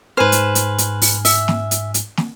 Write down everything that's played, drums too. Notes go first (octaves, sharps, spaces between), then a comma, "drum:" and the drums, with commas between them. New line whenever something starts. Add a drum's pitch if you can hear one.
G#2 B4 C5 G#5 F6
drum: hi-hat
drum: hi-hat
drum: hi-hat
drum: open hi-hat
E5, drum: open hi-hat
drum: snare
drum: hi-hat
drum: hi-hat
drum: snare